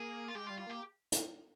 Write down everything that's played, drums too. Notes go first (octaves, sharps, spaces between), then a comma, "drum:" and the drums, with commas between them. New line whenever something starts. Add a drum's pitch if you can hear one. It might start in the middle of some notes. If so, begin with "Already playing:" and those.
Already playing: A#3 G#4
F4
G#3 G4
F4
G3
F4
A#3 G4
drum: hi-hat